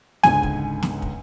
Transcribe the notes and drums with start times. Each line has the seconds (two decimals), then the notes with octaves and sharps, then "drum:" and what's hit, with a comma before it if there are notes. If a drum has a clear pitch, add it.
0.23 C#2 G#2 D3 G#5, drum: snare
0.43 drum: kick
0.83 drum: snare
1.02 drum: kick